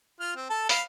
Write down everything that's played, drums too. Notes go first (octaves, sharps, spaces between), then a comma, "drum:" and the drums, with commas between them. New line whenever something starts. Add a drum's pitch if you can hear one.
F4 F6
C4
A4 A5
F5 B5, drum: hi-hat